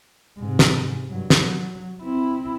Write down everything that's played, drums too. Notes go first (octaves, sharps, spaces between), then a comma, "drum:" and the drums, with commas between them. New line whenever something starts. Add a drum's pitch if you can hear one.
G#2 C3
drum: snare
G2 F#3
drum: snare
F#3
C4 E4